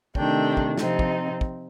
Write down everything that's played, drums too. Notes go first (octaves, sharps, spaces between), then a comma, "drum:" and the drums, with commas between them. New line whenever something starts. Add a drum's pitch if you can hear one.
C3 D#3 A3 D4 G5, drum: kick
drum: kick
C3 F3 C4 D#4, drum: snare
drum: kick
drum: kick